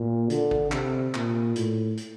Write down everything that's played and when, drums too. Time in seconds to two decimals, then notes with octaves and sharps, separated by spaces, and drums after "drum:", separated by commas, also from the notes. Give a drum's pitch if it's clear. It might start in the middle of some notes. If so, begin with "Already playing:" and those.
Already playing: A#2
0.30 D3, drum: hi-hat
0.51 drum: kick G#1
0.72 C3, drum: clap
1.14 A#2, drum: clap
1.56 A2, drum: hi-hat
1.97 drum: hi-hat